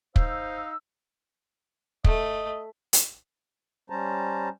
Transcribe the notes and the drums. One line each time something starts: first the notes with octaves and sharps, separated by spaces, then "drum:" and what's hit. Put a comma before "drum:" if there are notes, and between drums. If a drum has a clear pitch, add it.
D#4 C5 F5 E6, drum: kick
A3 D#5, drum: kick
drum: hi-hat
G3 C#4 C5 A5 A#5